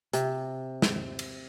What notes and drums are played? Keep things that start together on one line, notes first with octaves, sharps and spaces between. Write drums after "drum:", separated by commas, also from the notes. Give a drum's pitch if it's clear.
C3, drum: hi-hat
drum: snare
drum: cymbal